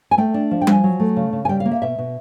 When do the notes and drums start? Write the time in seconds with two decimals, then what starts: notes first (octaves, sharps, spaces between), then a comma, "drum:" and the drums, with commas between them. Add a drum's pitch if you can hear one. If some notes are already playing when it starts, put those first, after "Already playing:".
0.11 G#5
0.18 A3 G5
0.34 D4
0.51 F3
0.62 G5
0.67 F3 G#5, drum: tom G3
0.84 F#3
1.00 A3
1.16 C#3
1.33 C#3
1.45 G#5
1.49 G3 G5
1.60 F5
1.65 A#3
1.71 E5
1.82 B2 E5
1.98 B2